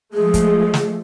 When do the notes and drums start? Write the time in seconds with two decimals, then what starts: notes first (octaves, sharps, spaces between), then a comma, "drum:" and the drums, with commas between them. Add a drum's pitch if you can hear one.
0.14 F3 G#3 A3 G#4
0.34 drum: kick, hi-hat
0.74 drum: snare